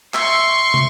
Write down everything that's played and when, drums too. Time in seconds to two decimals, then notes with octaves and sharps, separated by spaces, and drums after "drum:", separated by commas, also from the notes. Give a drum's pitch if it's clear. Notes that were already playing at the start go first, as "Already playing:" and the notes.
0.14 E5 C6 C#6, drum: clap
0.74 drum: tom